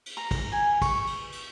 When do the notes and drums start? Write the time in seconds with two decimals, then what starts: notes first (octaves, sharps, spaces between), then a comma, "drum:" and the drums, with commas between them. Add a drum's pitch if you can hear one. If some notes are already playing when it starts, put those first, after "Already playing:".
0.06 drum: cymbal
0.17 A#5
0.31 drum: kick, cymbal
0.52 G#5
0.82 C#6, drum: kick, cymbal
1.07 drum: cymbal
1.32 drum: cymbal